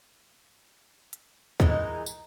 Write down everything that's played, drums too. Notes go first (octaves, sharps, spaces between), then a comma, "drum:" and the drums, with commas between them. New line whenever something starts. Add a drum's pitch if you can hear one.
drum: hi-hat
A#2 E3 G#3 D#4, drum: kick
drum: tambourine